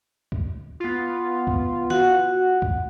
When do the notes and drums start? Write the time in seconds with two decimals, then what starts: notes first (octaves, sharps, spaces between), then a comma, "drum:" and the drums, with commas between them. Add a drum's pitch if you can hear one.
0.32 drum: kick C#2
0.80 B3 F4
1.47 drum: kick C#2
1.90 F#4 F#5, drum: snare
2.62 drum: kick C#2